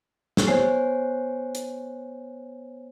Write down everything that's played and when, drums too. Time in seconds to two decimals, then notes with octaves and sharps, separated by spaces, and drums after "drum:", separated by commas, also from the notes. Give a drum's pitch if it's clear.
0.37 drum: snare
0.47 B3 C5 C#5 G#5 C7
1.55 drum: hi-hat